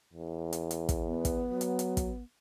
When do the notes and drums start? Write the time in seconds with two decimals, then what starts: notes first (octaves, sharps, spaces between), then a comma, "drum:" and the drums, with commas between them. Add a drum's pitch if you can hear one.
0.13 E2
0.53 drum: hi-hat
0.71 drum: hi-hat
0.89 drum: kick, hi-hat
1.07 B3
1.25 drum: kick, hi-hat
1.50 F#3
1.61 drum: hi-hat
1.79 drum: hi-hat
1.97 drum: kick, hi-hat